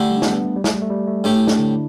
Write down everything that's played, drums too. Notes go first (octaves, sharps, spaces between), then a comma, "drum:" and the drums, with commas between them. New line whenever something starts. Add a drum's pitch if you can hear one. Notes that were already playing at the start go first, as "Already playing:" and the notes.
Already playing: D3 A3 E4 G4
G3
D4
B3, drum: snare
B3
A3
G3
A3, drum: snare
G3
A3
G3
A3
A2 A3 D4 G4
E4
D4, drum: snare
D3